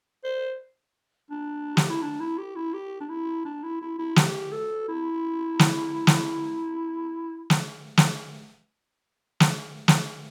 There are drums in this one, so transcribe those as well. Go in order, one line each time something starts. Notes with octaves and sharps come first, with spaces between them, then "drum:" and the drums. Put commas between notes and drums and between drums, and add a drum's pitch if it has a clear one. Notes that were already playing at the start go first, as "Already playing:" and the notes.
C5
D4
G4, drum: snare
E4
D4
E4
G4
E4
G4
D4
E4
D4
E4
E4
E4
G4, drum: snare
A4
E4
drum: snare
drum: snare
drum: snare
drum: snare
drum: snare
drum: snare